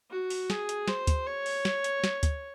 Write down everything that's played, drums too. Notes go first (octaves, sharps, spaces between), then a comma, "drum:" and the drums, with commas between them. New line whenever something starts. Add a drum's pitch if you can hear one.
F#4
drum: open hi-hat
G#4, drum: snare
drum: hi-hat
C5, drum: snare
drum: kick, hi-hat
C#5
drum: open hi-hat
drum: snare
drum: hi-hat
drum: snare
drum: kick, hi-hat